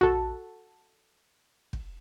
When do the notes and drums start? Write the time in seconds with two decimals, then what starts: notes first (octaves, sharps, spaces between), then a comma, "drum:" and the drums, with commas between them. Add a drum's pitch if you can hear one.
0.01 F#4 A4, drum: tom A#1
1.73 drum: kick